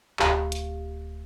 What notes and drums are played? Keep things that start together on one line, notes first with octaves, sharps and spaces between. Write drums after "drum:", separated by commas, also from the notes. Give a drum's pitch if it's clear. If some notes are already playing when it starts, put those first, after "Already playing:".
D1 G4 F5, drum: clap
drum: hi-hat